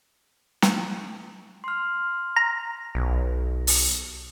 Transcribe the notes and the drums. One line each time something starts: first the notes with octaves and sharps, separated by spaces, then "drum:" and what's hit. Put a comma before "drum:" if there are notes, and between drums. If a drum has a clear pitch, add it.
drum: snare
C6 F6
A#5
B1
drum: open hi-hat